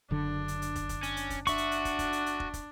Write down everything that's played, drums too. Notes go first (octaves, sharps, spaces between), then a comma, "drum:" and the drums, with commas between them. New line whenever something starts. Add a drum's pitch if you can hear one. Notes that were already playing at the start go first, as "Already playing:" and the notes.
F#1 D3 D4
drum: hi-hat
drum: hi-hat
drum: kick, hi-hat
drum: kick, hi-hat
C#4, drum: hi-hat
drum: hi-hat
drum: kick, hi-hat
D4 F#4 E5 C#6, drum: kick, hi-hat
drum: hi-hat
drum: hi-hat
drum: kick, hi-hat
drum: kick, hi-hat
drum: hi-hat
drum: hi-hat
drum: kick
drum: kick, hi-hat